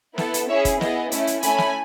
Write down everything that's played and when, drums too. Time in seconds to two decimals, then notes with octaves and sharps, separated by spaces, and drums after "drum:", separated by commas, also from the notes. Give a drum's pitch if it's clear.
0.18 B3 E4 A4, drum: snare
0.34 drum: hi-hat
0.49 C#4 E4 G#4 C#5 E5
0.65 drum: kick, hi-hat
0.81 B3 E4 G#4 D#5, drum: snare
1.12 A3 C#4 E4, drum: hi-hat
1.27 drum: hi-hat
1.43 A3 C#4 E4 G#5 B5, drum: hi-hat
1.58 drum: snare